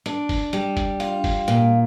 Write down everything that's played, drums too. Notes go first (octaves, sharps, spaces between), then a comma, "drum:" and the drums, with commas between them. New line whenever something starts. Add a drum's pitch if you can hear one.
D4, drum: hi-hat
drum: kick, open hi-hat
G3, drum: hi-hat
drum: kick, hi-hat
F4, drum: hi-hat
drum: kick, open hi-hat
A#2, drum: hi-hat